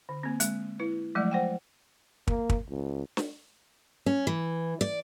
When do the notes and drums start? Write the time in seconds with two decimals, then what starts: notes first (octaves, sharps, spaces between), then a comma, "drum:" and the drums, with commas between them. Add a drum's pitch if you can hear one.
0.09 D3
0.23 A#3 C4
0.40 G#3, drum: hi-hat
0.79 E4 B4
1.15 F3 F#3 G#3 A3 D5
1.31 C5 F#5 G5
2.27 A#3, drum: kick
2.50 drum: kick
2.70 C#2
3.17 drum: snare
4.06 C#4
4.27 E3
4.81 D5